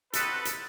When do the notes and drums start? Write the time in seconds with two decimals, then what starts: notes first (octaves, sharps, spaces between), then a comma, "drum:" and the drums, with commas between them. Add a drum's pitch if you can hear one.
0.13 C4 D#4 F#4 A4 B4, drum: hi-hat
0.45 drum: hi-hat